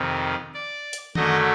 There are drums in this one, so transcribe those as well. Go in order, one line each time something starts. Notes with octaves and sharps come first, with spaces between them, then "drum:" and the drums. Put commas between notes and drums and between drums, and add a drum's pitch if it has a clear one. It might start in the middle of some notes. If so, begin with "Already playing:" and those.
Already playing: F2 C3 D#3
D5
drum: hi-hat
F#2 D3 F#3 A3 D#5, drum: tom D#3